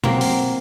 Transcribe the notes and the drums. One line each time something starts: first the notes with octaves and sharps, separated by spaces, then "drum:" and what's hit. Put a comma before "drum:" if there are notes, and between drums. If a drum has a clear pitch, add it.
F#3 A#3 C4, drum: tom B2
drum: open hi-hat